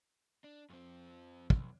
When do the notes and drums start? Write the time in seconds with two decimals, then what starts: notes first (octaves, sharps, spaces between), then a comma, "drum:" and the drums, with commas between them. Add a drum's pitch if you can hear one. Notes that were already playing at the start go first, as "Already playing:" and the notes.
0.44 D4
0.70 F2 C4
1.50 B1, drum: kick